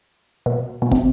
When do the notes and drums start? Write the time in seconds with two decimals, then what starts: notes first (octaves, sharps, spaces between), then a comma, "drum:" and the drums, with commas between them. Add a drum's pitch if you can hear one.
0.46 B2
0.82 B2
0.92 C3, drum: kick